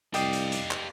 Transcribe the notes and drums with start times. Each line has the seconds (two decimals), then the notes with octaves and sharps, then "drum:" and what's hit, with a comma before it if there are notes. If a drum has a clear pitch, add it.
0.14 C2 G4 D5 D#5 F5 G5, drum: hi-hat
0.33 drum: hi-hat
0.52 drum: hi-hat
0.71 drum: clap